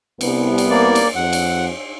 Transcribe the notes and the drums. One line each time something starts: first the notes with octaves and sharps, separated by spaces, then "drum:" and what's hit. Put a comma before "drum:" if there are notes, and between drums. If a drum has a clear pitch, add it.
C2 B3, drum: cymbal
drum: cymbal
A#3 D5
drum: cymbal
F2 F#5
drum: cymbal